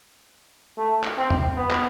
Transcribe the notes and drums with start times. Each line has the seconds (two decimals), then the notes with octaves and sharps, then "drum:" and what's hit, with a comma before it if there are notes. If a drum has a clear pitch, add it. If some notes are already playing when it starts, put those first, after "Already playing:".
0.78 A3
1.04 drum: clap
1.17 C4
1.30 drum: tom
1.57 B3
1.70 drum: clap